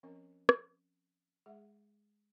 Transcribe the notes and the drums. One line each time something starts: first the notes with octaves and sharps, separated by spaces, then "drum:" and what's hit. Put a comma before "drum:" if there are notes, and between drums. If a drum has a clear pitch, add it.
F3 C4 C#4 A#4 D#5
drum: rim click
G#3 G#4 E5 F#5